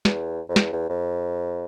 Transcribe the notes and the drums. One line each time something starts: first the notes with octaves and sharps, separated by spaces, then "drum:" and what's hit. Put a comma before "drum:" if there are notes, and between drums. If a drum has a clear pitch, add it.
E2, drum: snare
F2
E2, drum: snare
E2
F2